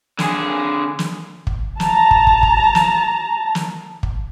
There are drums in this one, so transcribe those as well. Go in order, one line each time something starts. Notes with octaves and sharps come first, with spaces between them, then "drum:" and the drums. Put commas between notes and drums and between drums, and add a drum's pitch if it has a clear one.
D3 G#4, drum: snare
drum: snare
drum: kick
A5 A#5, drum: snare
drum: kick
drum: kick
drum: kick
drum: snare
drum: snare
drum: kick